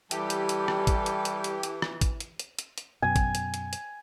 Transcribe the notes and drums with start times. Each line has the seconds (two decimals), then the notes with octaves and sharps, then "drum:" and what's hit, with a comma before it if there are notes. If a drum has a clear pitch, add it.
0.11 E3 G3 G4 A4, drum: hi-hat
0.30 drum: hi-hat
0.49 drum: hi-hat
0.68 drum: rim click
0.87 drum: kick, hi-hat
1.06 drum: hi-hat
1.25 drum: hi-hat
1.44 drum: hi-hat
1.63 drum: hi-hat
1.82 drum: rim click
2.01 drum: kick, hi-hat
2.20 drum: hi-hat
2.39 drum: hi-hat
2.59 drum: hi-hat
2.78 drum: hi-hat
3.02 F#2 B2 G#5
3.16 drum: kick, hi-hat
3.35 drum: hi-hat
3.54 drum: hi-hat
3.73 drum: hi-hat